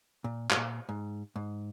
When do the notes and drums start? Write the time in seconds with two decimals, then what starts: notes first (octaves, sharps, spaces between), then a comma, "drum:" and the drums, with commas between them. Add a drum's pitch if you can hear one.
0.24 A#2
0.50 G#2, drum: clap
0.57 A#2
0.89 G#2
1.36 G#2